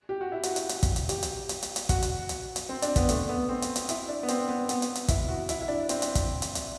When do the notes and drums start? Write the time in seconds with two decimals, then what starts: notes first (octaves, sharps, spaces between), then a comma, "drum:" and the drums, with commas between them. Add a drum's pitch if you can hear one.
0.09 G4
0.21 F#4
0.32 E4
0.43 F#4, drum: hi-hat
0.56 drum: hi-hat
0.69 drum: hi-hat
0.83 drum: kick, hi-hat
0.96 drum: hi-hat
1.09 G4, drum: hi-hat
1.23 drum: hi-hat
1.49 drum: hi-hat
1.63 drum: hi-hat
1.76 drum: hi-hat
1.89 F#4, drum: kick, hi-hat
2.02 drum: hi-hat
2.29 drum: hi-hat
2.56 drum: hi-hat
2.69 C4
2.82 D4, drum: hi-hat
2.96 B3, drum: kick, hi-hat
3.09 A3, drum: hi-hat
3.29 B3
3.49 C4
3.62 drum: hi-hat
3.76 drum: hi-hat
3.89 E4, drum: hi-hat
4.09 D4
4.23 B3
4.28 C4, drum: hi-hat
4.49 B3
4.69 B3, drum: hi-hat
4.82 drum: hi-hat
4.95 drum: hi-hat
5.08 E4, drum: kick, hi-hat
5.28 F#4
5.49 E4, drum: hi-hat
5.61 E4
5.68 D4
5.89 C4, drum: hi-hat
6.02 drum: hi-hat
6.15 drum: kick, hi-hat
6.42 drum: hi-hat
6.55 drum: hi-hat